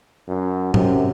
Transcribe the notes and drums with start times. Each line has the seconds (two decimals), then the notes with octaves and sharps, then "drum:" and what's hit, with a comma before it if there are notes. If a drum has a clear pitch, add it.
0.28 F#2
0.74 F#2 C3, drum: tom